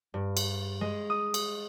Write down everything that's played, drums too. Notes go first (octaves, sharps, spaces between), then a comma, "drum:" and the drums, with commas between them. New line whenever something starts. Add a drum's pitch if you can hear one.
G2
drum: cymbal
G#3
D#6
drum: cymbal